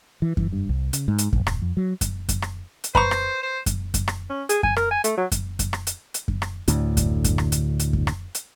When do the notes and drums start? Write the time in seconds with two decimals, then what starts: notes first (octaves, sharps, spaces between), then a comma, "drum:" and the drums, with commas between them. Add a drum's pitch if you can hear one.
0.22 E3
0.37 E3, drum: kick F#2
0.53 G2
0.69 C2
0.93 C#3, drum: hi-hat
1.08 G#2
1.18 drum: hi-hat
1.33 A#1, drum: kick F#2
1.47 D#1, drum: rim click
1.62 F2
1.77 F#3
2.01 drum: kick F#2, hi-hat
2.29 drum: kick F#2, hi-hat
2.42 drum: rim click
2.84 drum: hi-hat
2.95 B4 C5 A#5 C#6, drum: kick F#2
3.11 drum: rim click
3.43 C5
3.66 drum: kick F#2, hi-hat
3.94 drum: kick F#2, hi-hat
4.08 drum: rim click
4.30 C#4
4.49 G#4, drum: hi-hat
4.63 G#5, drum: kick F#2
4.76 A#4, drum: rim click
4.91 G#5
5.04 A3, drum: hi-hat
5.17 F#3
5.32 drum: kick F#2, hi-hat
5.59 drum: kick F#2, hi-hat
5.73 drum: rim click
5.87 drum: hi-hat
6.14 drum: hi-hat
6.28 drum: kick F#2
6.42 drum: rim click
6.68 D2 A2 D3, drum: hi-hat
6.97 drum: kick F#2, hi-hat
7.24 drum: kick F#2, hi-hat
7.38 drum: rim click
7.52 drum: hi-hat
7.79 drum: hi-hat
7.93 drum: kick F#2
8.07 drum: rim click
8.35 drum: hi-hat